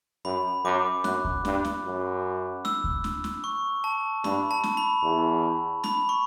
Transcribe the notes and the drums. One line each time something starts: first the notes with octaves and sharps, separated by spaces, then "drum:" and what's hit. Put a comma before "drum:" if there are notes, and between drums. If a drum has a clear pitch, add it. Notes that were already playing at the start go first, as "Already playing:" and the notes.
F#2 B5
F#2 D6
F#2 F#6, drum: snare
drum: kick D2
G2, drum: snare
drum: snare
F#2
E6, drum: snare
drum: kick D2
drum: snare
drum: snare
C#6
A5
G2 B5, drum: snare
A5
drum: snare
B5
E2
B5, drum: snare
C#6